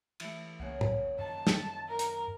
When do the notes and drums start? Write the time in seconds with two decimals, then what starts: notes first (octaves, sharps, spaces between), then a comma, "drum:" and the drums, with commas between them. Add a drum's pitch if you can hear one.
0.20 E3 A3, drum: cymbal
0.60 C2 C#3 A#3 F#5
0.81 drum: tom
1.19 F#2 D#3 A5
1.47 drum: snare
1.88 A#4
1.99 drum: hi-hat